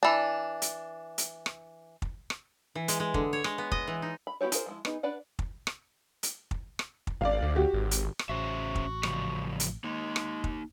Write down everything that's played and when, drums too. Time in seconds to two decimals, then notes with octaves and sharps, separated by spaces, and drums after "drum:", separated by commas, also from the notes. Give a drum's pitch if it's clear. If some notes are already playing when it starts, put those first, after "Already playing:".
0.03 E3 D4
0.62 drum: hi-hat
1.18 drum: hi-hat
1.46 drum: rim click
2.02 drum: kick
2.30 drum: rim click
2.75 E3
2.88 G#3, drum: hi-hat
3.00 G#3
3.14 D3, drum: kick
3.33 C#5
3.44 G#3, drum: rim click
3.58 B3
3.72 D#5, drum: kick
3.87 E3
4.02 D#4
4.27 B5
4.41 B3 E4 F#4 G4 C#5
4.52 F4 G#4 A#4 C5, drum: hi-hat
4.66 F3 G#3 E4
4.85 B3 D#4 G#4, drum: rim click
5.03 D4 B4 D5 F#5
5.39 drum: kick
5.67 drum: rim click
6.23 drum: hi-hat
6.51 drum: kick
6.79 drum: rim click
7.07 drum: kick
7.21 G#1 D5 F5
7.42 D2
7.56 F#4 G4
7.73 G#1
7.91 drum: hi-hat
8.19 drum: rim click
8.29 A1 C#4 F#4 C5 E5
8.75 drum: kick
9.03 C#3 F3 G3, drum: rim click
9.60 drum: hi-hat
9.84 G#3 A#3 D#4
10.16 drum: rim click
10.44 drum: kick